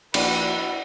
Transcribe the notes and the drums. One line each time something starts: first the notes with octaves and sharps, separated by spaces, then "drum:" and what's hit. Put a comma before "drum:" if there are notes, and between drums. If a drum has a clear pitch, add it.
A#1 E4 F#4 B4 F#5, drum: cymbal